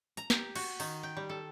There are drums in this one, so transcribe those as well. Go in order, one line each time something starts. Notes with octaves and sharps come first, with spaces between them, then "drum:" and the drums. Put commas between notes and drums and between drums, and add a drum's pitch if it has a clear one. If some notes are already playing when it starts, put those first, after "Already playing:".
A#5, drum: hi-hat
G4, drum: snare
F#4, drum: cymbal
D#3, drum: open hi-hat
G5
G3
A4